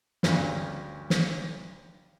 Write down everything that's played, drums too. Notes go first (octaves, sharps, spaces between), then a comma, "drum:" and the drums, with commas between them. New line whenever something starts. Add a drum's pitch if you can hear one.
D2 G2 C#3, drum: snare
drum: snare